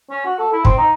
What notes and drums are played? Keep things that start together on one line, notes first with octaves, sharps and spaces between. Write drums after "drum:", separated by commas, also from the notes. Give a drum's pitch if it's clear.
C#4
F#4
A4
E4
C4, drum: kick
D#4